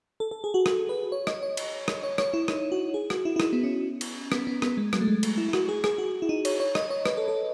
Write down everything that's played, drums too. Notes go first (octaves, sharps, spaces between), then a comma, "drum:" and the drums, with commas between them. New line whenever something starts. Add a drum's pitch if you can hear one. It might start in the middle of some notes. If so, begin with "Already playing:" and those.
A4
A4
G#4
F#4
F#4, drum: rim click
B4
C#5
D#5, drum: rim click
C#5
drum: cymbal
drum: rim click
C#5
C#5, drum: rim click
E4
D#4, drum: rim click
F#4
G#4
F#4, drum: rim click
E4
E4
D#4, drum: rim click
B3
C#4
drum: cymbal
B3, drum: rim click
B3
B3, drum: rim click
G#3
F#3, drum: rim click
A3
G#3
A3, drum: cymbal
E4
E4
F#4, drum: rim click
G#4
G#4, drum: rim click
F#4
E4
D#4
C#5, drum: cymbal
C#5
D#5, drum: rim click
C#5
B4, drum: rim click
A4
A4